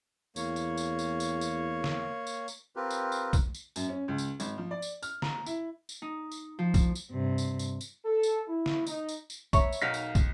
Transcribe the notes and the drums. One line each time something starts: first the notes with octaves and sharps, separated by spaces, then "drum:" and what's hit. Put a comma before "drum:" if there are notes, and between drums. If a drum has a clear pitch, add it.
E2 A#3 C#5, drum: tambourine
drum: tambourine
drum: tambourine
drum: tambourine
drum: tambourine
drum: tambourine
drum: snare
drum: tambourine
drum: tambourine
C4 F4 G4 A#4 B4
drum: tambourine
drum: tambourine
drum: kick, tambourine
drum: tambourine
F#2, drum: tambourine
C#4
C#2
drum: tambourine
G#1, drum: tambourine
F3
D5
drum: tambourine
F6, drum: tambourine
A#5, drum: snare
E4, drum: tambourine
drum: tambourine
D#4
drum: tambourine
F3
drum: kick, tambourine
drum: tambourine
G2 C3
drum: tambourine
drum: tambourine
drum: tambourine
A4
drum: tambourine
E4
drum: snare
D#4, drum: tambourine
drum: tambourine
drum: tambourine
C#5 E5 A#5 B5, drum: kick, tambourine
drum: tambourine
B1 D#4 A#4 F5 F#5 B6
drum: tambourine
drum: kick, tambourine